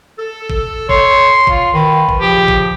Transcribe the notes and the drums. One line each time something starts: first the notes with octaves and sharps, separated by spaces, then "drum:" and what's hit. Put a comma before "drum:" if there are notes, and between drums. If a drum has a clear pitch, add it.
A4
drum: kick
C#5 C6, drum: kick
F4, drum: kick
D#3 B4
drum: kick
A#2 C#3 F3 G4
drum: kick